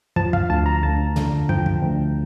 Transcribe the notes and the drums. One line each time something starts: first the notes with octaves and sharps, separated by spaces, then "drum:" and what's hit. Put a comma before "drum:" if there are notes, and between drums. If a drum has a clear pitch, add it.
F3 A5, drum: kick
F5, drum: kick
D2 A5
A#5
D2 A5
D3, drum: tom
F3 G5, drum: kick
drum: kick
D2